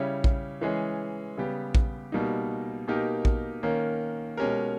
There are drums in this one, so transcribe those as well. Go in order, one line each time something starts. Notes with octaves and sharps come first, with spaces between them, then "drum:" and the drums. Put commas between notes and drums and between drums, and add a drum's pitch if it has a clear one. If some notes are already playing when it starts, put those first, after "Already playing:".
Already playing: C#3 G3 C#4 E4 G4
drum: kick A#1
E3 G#3 C#4 G#4
C#3 G3 B3 G4
drum: kick A#1
B2 G3 A#3 D#4
B2 A#3 D#4 G4 A#4
drum: kick A#1
D#3 A#3 C#4
B2 G#3 C#4 G4 A#4